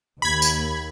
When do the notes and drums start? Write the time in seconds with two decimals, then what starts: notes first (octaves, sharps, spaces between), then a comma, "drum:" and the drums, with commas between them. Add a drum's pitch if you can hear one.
0.22 D#2 B5 G#6
0.42 drum: tambourine